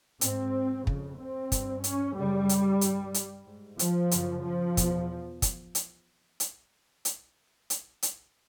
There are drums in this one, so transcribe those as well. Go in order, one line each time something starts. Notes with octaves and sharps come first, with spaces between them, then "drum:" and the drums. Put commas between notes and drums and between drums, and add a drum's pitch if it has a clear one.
G#2 C4, drum: hi-hat
F2 C#3, drum: kick
C4
G2, drum: kick, hi-hat
C#4, drum: hi-hat
F#2 C#3 G3
drum: hi-hat
G2, drum: hi-hat
drum: hi-hat
G#2
F3, drum: hi-hat
F#2 C#3, drum: hi-hat
F3
E2 B2, drum: kick, hi-hat
drum: kick, hi-hat
drum: hi-hat
drum: hi-hat
drum: hi-hat
drum: hi-hat
drum: hi-hat